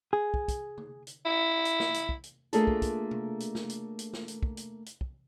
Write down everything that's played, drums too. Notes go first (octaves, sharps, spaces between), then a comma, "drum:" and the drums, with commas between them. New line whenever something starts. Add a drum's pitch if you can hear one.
G#4
drum: kick
drum: kick, hi-hat
drum: tom
drum: hi-hat
E4
drum: hi-hat
drum: snare
drum: hi-hat
drum: kick
drum: hi-hat
A3 A#3 D4 F4 G#4 A4, drum: hi-hat
drum: kick
drum: kick, hi-hat
drum: tom B2
drum: hi-hat
drum: snare
drum: hi-hat
drum: hi-hat
drum: snare
drum: hi-hat
drum: kick
drum: hi-hat
drum: hi-hat
drum: kick